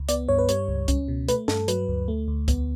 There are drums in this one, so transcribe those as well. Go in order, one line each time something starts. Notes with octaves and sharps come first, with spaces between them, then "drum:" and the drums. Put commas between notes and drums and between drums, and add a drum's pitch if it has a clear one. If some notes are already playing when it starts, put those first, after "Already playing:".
Already playing: C#2
B3 D5, drum: hi-hat
G2 C#5
B4
G3 C#5, drum: hi-hat
C#2
C#4, drum: kick C2, hi-hat
B2
A3 B4, drum: hi-hat
G2 A4, drum: snare
F#3 B4, drum: hi-hat
D2
A3
D2
B3, drum: kick C2, hi-hat